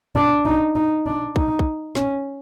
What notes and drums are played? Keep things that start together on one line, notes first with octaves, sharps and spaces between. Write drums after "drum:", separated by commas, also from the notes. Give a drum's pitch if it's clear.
D4
D#4
D#4
D4
D#4, drum: kick
drum: kick
C#4, drum: snare